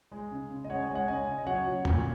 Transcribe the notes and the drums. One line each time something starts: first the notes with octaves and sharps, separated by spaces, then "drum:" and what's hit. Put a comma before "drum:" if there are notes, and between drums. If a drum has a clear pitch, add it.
G#3
C#3
C#3
D#5
G#3 C#5 F#5
D#5 G#5
G#3
C#5 F#5
C#3 D#5 G#5
C#3
D#5
F#3 C#5 F#5
F#3
A#2, drum: tom E2